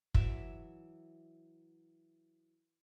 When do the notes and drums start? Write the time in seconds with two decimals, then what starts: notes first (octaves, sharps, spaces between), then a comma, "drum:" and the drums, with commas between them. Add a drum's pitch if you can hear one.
0.14 E3 F#3 E5 D6, drum: kick